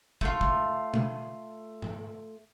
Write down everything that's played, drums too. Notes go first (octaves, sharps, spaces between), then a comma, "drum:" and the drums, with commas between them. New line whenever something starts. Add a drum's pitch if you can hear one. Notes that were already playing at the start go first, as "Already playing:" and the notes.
A3 F4, drum: kick
drum: kick
drum: tom B2
drum: tom G#2